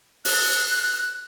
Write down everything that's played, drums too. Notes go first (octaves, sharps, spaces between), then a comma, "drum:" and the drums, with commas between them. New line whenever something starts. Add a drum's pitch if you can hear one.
F#6, drum: open hi-hat